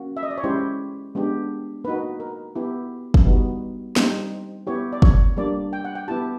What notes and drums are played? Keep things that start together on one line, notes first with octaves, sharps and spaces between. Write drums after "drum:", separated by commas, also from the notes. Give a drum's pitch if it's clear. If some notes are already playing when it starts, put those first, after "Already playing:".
Already playing: A#3 C#4 F#4
E5
D#5
D5
C#5
G#3 C#4 E4 G4 C5
G#3 B3 D4 G4
A#3 D#4 F#4 B4
A#4
B3 E4 G4
drum: kick
G3 B3 D#4 F#4
G3 C4 D#4 C5, drum: snare
B3 E4 G4 C#5
D5
C#5, drum: kick
G3 A#3 D4 D5
G5
F#5
G5
B3 E4 G4 A5